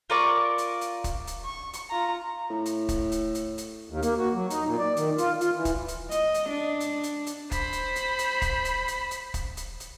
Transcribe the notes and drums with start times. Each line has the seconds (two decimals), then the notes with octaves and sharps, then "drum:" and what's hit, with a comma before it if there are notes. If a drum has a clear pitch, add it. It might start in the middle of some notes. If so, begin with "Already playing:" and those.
0.10 F4 A#4 D5 C#6
0.58 drum: hi-hat
0.81 drum: hi-hat
1.04 drum: kick, hi-hat
1.27 drum: hi-hat
1.45 C#6
1.73 drum: hi-hat
1.90 F4 A#5
2.50 A2
2.66 drum: hi-hat
2.89 drum: kick, hi-hat
3.12 drum: hi-hat
3.35 drum: hi-hat
3.58 drum: hi-hat
3.90 D#2
4.02 A#3, drum: hi-hat
4.18 F#4
4.34 F#3
4.50 D#4, drum: hi-hat
4.67 A#2
4.78 D5
4.97 D#3, drum: hi-hat
5.18 F4, drum: hi-hat
5.41 F4, drum: hi-hat
5.55 E3
5.65 drum: kick, hi-hat
5.88 drum: hi-hat
6.11 D#5, drum: hi-hat
6.34 drum: hi-hat
6.49 D4
6.80 drum: hi-hat
7.03 drum: hi-hat
7.26 drum: hi-hat
7.51 C5 B5, drum: kick, hi-hat
7.73 drum: hi-hat
7.96 drum: hi-hat
8.19 drum: hi-hat
8.42 drum: kick, hi-hat
8.65 drum: hi-hat
8.88 drum: hi-hat
9.11 drum: hi-hat
9.34 drum: kick, hi-hat
9.57 drum: hi-hat
9.80 drum: hi-hat